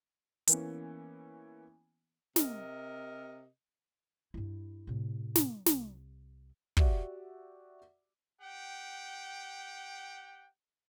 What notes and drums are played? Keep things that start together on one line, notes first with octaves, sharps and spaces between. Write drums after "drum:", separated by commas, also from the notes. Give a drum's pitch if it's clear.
E3 A#3 B3 C#4, drum: hi-hat
C3 A#4 D#5, drum: snare
G2 E4
A2 C3
drum: snare
C2, drum: snare
F#4 G4 D5 E5 F#5, drum: kick
G4 F#5 G5